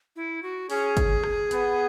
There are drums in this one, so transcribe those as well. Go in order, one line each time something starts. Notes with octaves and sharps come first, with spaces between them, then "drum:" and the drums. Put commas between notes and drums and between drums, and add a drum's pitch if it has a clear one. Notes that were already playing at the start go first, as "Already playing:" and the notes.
E4
F#4
C#4 G#4, drum: open hi-hat
drum: kick, hi-hat
drum: rim click
B3, drum: hi-hat